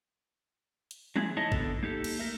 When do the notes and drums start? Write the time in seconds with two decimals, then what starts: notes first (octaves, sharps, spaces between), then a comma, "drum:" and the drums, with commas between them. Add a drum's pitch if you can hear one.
0.91 drum: hi-hat
1.16 F#3 G#3 E4 G#4, drum: tom
1.37 D#4 E4 C#5 D#5 A5
1.52 D3 B3 A4, drum: kick G#1
1.83 A#3 D#4 G4 A4
2.04 drum: cymbal
2.19 A3 A#4 E5